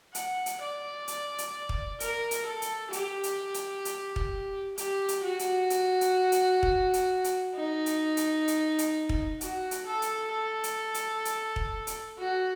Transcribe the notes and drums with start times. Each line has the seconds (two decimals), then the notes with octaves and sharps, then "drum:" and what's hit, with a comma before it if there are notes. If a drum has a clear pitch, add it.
0.15 F#5, drum: hi-hat
0.46 drum: hi-hat
0.62 D5
1.08 drum: hi-hat
1.38 drum: hi-hat
1.69 drum: kick
2.00 A#4, drum: hi-hat
2.31 drum: hi-hat
2.46 A4
2.62 drum: hi-hat
2.93 G4, drum: hi-hat
3.23 drum: hi-hat
3.54 drum: hi-hat
3.85 drum: hi-hat
4.16 drum: kick
4.78 G4, drum: hi-hat
5.08 drum: hi-hat
5.23 F#4
5.39 drum: hi-hat
5.70 drum: hi-hat
6.01 drum: hi-hat
6.32 drum: hi-hat
6.63 drum: kick
6.94 drum: hi-hat
7.24 drum: hi-hat
7.55 D#4
7.86 drum: hi-hat
8.17 drum: hi-hat
8.48 drum: hi-hat
8.79 drum: hi-hat
9.09 drum: kick
9.41 F#4, drum: hi-hat
9.71 drum: hi-hat
9.86 A4
10.02 drum: hi-hat
10.32 A4
10.64 drum: hi-hat
10.94 drum: hi-hat
11.25 drum: hi-hat
11.56 drum: kick
11.87 drum: hi-hat
12.18 F#4